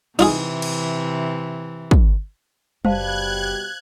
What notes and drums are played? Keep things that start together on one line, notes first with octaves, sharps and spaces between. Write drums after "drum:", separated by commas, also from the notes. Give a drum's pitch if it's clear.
C3 E3 D#4 F4 G#4, drum: cymbal
drum: cymbal
drum: kick
F#1 B2 G3 C5 F5 A5 F#6 G#6, drum: tom G3